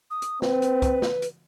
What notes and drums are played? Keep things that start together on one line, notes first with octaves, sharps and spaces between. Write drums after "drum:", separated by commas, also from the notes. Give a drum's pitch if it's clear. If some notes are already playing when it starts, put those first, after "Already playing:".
D#6
drum: hi-hat
C4 B4, drum: snare
drum: hi-hat
drum: kick, hi-hat
drum: snare
drum: hi-hat